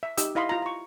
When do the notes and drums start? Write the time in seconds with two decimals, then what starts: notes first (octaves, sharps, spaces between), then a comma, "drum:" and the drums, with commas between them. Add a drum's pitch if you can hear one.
0.03 E5
0.17 D#4 G4 E6, drum: hi-hat
0.35 E4 D#5 F5 B5 C6
0.49 F4 A#5
0.62 A#5 C#6